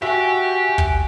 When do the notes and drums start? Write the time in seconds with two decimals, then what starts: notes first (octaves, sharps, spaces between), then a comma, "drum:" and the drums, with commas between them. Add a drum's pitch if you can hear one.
0.02 F#4 G4 E5 G5 G#5
0.78 drum: kick